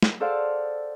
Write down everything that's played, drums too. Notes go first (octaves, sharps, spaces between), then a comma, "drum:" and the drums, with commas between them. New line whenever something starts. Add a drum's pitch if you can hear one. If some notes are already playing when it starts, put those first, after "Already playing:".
drum: snare
G#4 A4 C5 D5 F5 F#5